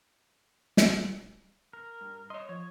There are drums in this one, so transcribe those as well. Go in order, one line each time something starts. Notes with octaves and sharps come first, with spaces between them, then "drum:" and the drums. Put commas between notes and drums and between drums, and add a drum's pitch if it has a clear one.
drum: snare
A#4
G2
C#5 D#5 C6
F3 C#5